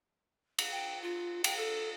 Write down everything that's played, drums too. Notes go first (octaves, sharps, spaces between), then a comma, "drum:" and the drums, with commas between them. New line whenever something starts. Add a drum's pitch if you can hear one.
drum: cymbal
G5
F4
G5, drum: cymbal
A4